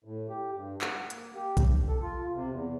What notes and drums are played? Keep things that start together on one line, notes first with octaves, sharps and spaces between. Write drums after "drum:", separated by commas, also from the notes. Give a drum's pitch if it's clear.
A2
G4
G2
F#5, drum: clap
A#3, drum: hi-hat
G4
G2, drum: kick A#1, hi-hat
A4
F4
C3
E2